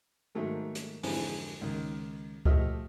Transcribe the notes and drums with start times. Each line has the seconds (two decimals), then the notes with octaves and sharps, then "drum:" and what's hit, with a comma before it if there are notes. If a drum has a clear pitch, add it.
0.35 G#2 D#3 F#3 A3 A#3
0.75 drum: hi-hat
1.03 F2 G#2 D3 E3 C4, drum: open hi-hat
1.61 C#2 D#3
2.45 F3 A3 G4 D#5 E5 F6, drum: kick C#2